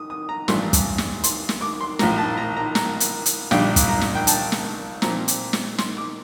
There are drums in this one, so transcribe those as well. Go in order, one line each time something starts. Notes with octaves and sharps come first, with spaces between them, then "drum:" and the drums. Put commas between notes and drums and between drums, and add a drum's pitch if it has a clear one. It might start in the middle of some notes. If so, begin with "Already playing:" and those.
Already playing: D#6
D#6
A#5
A1 G2 F3 A3 D4 C6, drum: snare
drum: kick, hi-hat
drum: snare
C6, drum: hi-hat
drum: snare
D6
C6
A#1 A2 F3 A#5, drum: snare
A5
A#5
A#5
A#5, drum: snare
drum: hi-hat
drum: hi-hat
A#1 A#2 G3 D4 G5, drum: snare
drum: kick, hi-hat
A#5
drum: snare
G5
A5, drum: hi-hat
drum: snare
A#2 F3 C4 A#5, drum: snare
drum: hi-hat
drum: snare
C6, drum: snare
D6